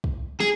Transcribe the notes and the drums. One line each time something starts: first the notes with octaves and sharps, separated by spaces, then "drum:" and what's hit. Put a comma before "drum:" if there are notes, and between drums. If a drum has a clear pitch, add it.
drum: kick
G#4, drum: snare